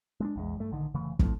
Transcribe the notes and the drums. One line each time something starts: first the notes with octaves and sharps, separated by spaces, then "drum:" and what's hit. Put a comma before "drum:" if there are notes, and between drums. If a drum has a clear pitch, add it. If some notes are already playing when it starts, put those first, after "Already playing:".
G#3 C4 D4
A#1 E2 G#3
G2 A3
A#1 D3 D#3
F1 C#3 E3 A3
F2 A2, drum: kick